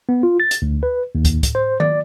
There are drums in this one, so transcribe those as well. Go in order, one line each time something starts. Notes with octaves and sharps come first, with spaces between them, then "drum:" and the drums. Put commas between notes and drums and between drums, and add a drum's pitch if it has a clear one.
B3
F4
A6
drum: hi-hat
D2
B4
D#2
drum: kick, hi-hat
drum: kick, hi-hat
C5
D5, drum: tom D#3